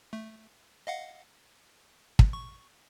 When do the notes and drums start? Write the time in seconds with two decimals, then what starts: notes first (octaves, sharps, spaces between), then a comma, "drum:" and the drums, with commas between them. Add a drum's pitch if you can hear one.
0.13 A3
0.87 D#5 F5 F#5
2.19 drum: kick
2.33 C#6